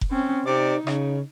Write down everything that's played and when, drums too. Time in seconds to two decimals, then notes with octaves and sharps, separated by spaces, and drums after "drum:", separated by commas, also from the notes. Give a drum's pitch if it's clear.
0.01 drum: kick F1
0.11 C4 C#4
0.46 C3 D#4 D5
0.87 C#3, drum: rim click